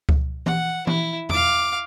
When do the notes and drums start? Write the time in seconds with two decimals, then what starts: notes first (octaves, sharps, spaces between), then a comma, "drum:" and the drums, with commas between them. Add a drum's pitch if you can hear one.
0.09 drum: kick C#2
0.46 F#5, drum: tom E3
0.87 E4, drum: tom E3
1.29 F5 D6, drum: tom E2